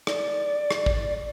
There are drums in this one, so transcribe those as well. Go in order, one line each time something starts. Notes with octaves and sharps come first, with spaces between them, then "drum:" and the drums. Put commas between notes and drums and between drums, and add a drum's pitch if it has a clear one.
D5, drum: rim click
drum: rim click
drum: kick